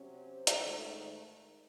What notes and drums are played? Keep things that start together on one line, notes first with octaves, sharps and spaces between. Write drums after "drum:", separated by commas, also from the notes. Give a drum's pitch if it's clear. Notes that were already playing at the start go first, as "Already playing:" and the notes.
Already playing: C3 F#3 C#4
C5
drum: hi-hat
G#2 D#3 A3 D#4